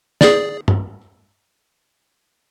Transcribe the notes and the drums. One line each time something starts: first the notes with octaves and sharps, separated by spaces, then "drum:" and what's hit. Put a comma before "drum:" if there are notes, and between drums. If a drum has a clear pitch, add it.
G#4 D5, drum: snare
drum: tom